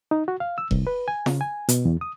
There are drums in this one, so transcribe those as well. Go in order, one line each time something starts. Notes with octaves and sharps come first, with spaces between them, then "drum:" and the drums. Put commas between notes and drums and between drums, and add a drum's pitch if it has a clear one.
D#4
F#4
F5
E6
C2, drum: kick E1
B4
G#5
C#3, drum: snare
G#5
B2, drum: hi-hat
E2
D#6